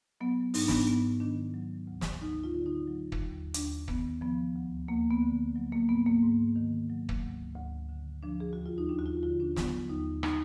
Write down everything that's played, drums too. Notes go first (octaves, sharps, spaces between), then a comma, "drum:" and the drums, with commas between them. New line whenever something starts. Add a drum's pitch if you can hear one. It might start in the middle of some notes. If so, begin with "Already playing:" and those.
F#3 B3
G#2 D#4, drum: open hi-hat
D4
B3, drum: snare
D4
G#2 B3
D#3 D4
F#3
D2
drum: snare
D2 D#4
F4
D3
D#4
F#3
drum: kick
D#2
D#2 D4, drum: hi-hat
D#3 B3, drum: kick
F3 B3
D2
D2 A#3
B3
D3
F#3
A#3
G#2 B3
A#3
G#2
D#3
F#3
drum: kick
D2
D2
D3
F3 D4
G#4
D#2 F#4
F4
D#4
D#2 D4
F#4
F4
D3 F4
D4
F#3 B3, drum: snare
D#2 D#4
D#4, drum: rim click